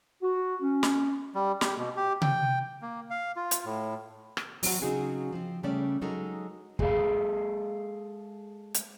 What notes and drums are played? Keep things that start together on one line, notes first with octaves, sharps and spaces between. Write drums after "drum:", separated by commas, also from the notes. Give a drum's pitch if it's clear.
F#4
C#4
drum: snare
G3
G4, drum: snare
B2
G4
G5, drum: tom C3
A#3
F5
F4
drum: hi-hat
A2
drum: rim click
F#3 C4 F#4, drum: open hi-hat
C#3 F#3 C4 D#4 F#4 G#4
F3 C4
C#3 G3 A3 C#4 D5
F#3 G#3 D#4 A4 A#4
G#3 G#4 A4 F5, drum: kick
drum: hi-hat